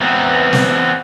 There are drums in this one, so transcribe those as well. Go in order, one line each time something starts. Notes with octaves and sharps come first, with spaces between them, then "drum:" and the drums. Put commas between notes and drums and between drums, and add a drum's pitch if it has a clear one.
E3 B3 C4
drum: snare